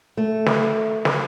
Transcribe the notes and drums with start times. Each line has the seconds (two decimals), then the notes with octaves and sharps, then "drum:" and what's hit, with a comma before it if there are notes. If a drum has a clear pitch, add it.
0.17 A3
0.46 drum: snare
1.05 drum: snare